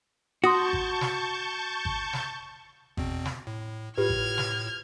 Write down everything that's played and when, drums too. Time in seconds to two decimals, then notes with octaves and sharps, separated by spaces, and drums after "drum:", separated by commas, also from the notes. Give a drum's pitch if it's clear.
0.44 F#4 A5 C6 C#6 D#6 G6 A#6
0.73 drum: kick G#1
1.01 drum: snare
1.85 drum: kick G#1
2.13 drum: snare
2.97 E2 B2 C4, drum: kick G#1
3.25 drum: snare
3.47 A2
3.98 A2 F4 G4 B4 F6 G#6
4.10 drum: kick G#1
4.38 drum: snare